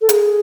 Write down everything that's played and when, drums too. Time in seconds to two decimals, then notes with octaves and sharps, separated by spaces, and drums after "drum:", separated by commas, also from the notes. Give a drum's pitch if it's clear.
0.01 A4
0.09 G#4, drum: hi-hat